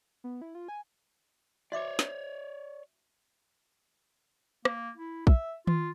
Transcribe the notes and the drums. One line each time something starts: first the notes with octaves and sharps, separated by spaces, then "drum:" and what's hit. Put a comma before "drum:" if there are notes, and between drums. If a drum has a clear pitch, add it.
B3
E4
F4
G#5
F#4 C#5 D5 E5 D6
drum: snare
A#3, drum: rim click
E4
E5, drum: kick
F4, drum: tom D#3